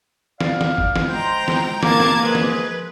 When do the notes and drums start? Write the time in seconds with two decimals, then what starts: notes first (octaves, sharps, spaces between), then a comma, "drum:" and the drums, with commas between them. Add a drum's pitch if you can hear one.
0.41 D5 F5, drum: snare
0.61 drum: snare
0.78 drum: kick
0.96 drum: snare
1.09 G#3 C5 G5 A#5
1.48 drum: snare
1.83 A#3 F5 A5 A#5 D6 G#6, drum: snare
2.00 drum: snare
2.22 F3 G#3 B4
2.35 drum: snare